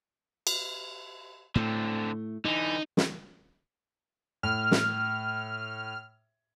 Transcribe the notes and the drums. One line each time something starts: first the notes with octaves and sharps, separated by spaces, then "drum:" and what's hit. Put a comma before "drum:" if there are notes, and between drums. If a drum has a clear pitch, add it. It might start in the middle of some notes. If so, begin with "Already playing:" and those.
drum: cymbal
A2 D3 A3 C4
D3 E3 D#4
drum: snare
A2 F6
drum: snare